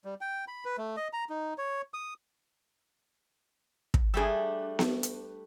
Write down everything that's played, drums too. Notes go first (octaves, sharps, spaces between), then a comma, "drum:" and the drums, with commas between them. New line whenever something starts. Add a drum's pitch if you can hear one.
G3
G5
B5
B4
A3
D#5
A#5
D#4
C#5
D#6
drum: kick
G3 A3 D4 G#4 E6
drum: snare B3
drum: hi-hat